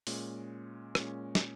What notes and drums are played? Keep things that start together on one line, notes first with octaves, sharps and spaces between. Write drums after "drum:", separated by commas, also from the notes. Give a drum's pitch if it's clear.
A#2 G#3 C#4, drum: open hi-hat
A#2 G#3 C#4, drum: rim click
drum: snare